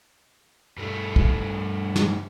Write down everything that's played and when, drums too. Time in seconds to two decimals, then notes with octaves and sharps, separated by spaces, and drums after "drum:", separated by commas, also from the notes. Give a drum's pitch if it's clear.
0.77 G2 A3
1.16 drum: kick
1.96 drum: snare